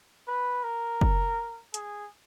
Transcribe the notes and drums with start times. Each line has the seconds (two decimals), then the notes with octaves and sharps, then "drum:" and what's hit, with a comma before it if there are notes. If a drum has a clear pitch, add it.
0.28 B4
0.64 A#4
1.01 drum: kick
1.74 G#4, drum: hi-hat